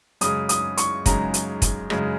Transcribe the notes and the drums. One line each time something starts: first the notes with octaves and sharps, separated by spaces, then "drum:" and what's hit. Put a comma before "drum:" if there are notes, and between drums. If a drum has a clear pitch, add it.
F#2 C#3 G#3 D#6, drum: hi-hat
D#6, drum: hi-hat
C#6, drum: hi-hat
F#2 C#3 G#3 A#5, drum: kick, hi-hat
drum: hi-hat
drum: kick, hi-hat
F#2 C#3 G#3, drum: rim click